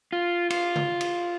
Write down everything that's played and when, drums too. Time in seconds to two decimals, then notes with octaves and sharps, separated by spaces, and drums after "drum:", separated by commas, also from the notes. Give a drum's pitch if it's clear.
0.12 F4
0.50 F4, drum: cymbal
0.75 drum: tom C#3
1.01 drum: cymbal